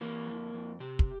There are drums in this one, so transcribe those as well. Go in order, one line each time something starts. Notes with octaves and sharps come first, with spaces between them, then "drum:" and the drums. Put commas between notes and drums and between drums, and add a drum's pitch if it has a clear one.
E3 A#3
F2
F2
C3 G4
drum: kick